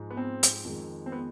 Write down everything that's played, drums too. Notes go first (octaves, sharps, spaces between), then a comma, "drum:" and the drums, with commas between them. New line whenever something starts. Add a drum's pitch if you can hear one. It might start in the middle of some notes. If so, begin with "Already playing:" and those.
Already playing: G#2 F3 G#3
B3
C4
drum: hi-hat
F2 D#3 G#3
C4
B3